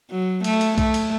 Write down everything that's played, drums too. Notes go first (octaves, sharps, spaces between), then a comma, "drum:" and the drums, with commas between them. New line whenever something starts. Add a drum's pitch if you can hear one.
F#3
A3, drum: cymbal
drum: cymbal
A3, drum: kick B1, cymbal
drum: cymbal